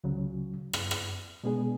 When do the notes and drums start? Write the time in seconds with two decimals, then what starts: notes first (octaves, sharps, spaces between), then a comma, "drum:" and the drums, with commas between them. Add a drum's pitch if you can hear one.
0.04 C#2 C#3 F#3
0.73 drum: rim click
0.91 drum: rim click
1.44 B2 G#3 B3 D4 G#4